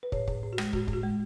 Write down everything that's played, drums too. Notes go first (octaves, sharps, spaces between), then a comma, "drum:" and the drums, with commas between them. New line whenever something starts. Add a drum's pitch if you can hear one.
B4
A2 C#5, drum: kick
A2, drum: kick
A2
F#4
G#3, drum: rim click
A2 F#4, drum: kick
A2, drum: kick
F#4
G#3